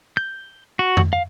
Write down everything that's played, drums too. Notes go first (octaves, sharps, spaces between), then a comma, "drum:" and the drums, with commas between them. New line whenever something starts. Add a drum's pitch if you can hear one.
G6
F#4
drum: tom F2
F5